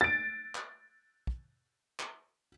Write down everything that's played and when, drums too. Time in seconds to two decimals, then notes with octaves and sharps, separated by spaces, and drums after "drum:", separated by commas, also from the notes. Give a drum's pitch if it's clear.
0.01 A6 D7
0.55 drum: clap
1.27 drum: kick
2.00 drum: clap